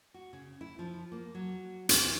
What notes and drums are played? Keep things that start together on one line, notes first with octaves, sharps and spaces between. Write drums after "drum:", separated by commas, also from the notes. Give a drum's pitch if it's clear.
F#4
C#3
E4
F3
A#3
F#3
E3, drum: hi-hat